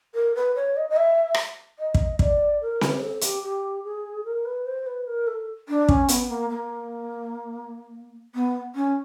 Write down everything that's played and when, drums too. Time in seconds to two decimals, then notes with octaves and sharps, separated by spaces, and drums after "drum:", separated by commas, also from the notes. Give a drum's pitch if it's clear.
0.14 A#4
0.35 B4
0.55 C#5
0.76 D#5
0.89 D#5
0.96 E5
1.34 drum: rim click
1.78 D#5
1.94 drum: kick
2.19 D5, drum: kick
2.61 A#4
2.81 B4, drum: snare C4
3.01 A4
3.21 G4, drum: hi-hat
3.42 G4
3.83 G#4
4.24 A#4
4.45 B4
4.66 C5
4.86 B4
5.07 A#4
5.27 A4
5.68 D4
5.89 C#4, drum: kick
6.08 B3, drum: hi-hat
6.30 A#3
6.49 A#3
8.34 B3
8.75 C#4